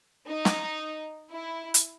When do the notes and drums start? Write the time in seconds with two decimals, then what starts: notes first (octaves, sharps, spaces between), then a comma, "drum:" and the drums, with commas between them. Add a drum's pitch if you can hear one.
0.28 D#4
0.45 drum: snare
1.30 E4
1.74 drum: hi-hat